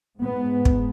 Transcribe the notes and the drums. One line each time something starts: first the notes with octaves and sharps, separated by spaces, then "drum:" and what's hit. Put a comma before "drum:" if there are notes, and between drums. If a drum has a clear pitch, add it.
G#2 B3
drum: kick